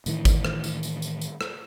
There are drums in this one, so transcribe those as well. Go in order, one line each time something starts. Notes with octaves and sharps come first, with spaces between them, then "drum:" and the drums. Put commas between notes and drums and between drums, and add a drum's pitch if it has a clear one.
A2 D#3 E3, drum: tambourine
drum: kick G#1, tambourine
drum: rim click
drum: tambourine
drum: tambourine
drum: tambourine
drum: tambourine
drum: rim click